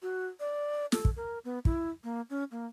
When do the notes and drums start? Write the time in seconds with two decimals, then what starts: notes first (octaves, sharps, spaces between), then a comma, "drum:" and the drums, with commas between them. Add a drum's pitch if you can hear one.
0.02 F#4
0.40 D5
0.92 A4, drum: snare
1.05 drum: kick
1.16 A#4
1.45 B3
1.65 E4, drum: kick
2.04 A#3
2.30 C#4
2.51 A#3